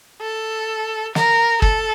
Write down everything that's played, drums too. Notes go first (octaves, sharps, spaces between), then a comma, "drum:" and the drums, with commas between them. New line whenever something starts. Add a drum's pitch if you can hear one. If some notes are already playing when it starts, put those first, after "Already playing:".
A4
A#4, drum: snare
A4, drum: kick